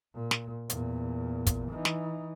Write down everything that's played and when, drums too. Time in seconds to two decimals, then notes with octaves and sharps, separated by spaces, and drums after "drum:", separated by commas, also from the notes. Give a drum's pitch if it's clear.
0.15 A#2
0.31 drum: snare
0.70 E2 A#2, drum: hi-hat
1.47 drum: kick, hi-hat
1.71 E3 D#4
1.85 drum: snare